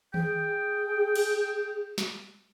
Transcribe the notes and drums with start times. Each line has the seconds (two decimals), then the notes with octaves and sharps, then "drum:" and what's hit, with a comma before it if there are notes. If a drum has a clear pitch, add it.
0.14 G#4 G5, drum: tom D#3
1.15 drum: cymbal
1.98 drum: snare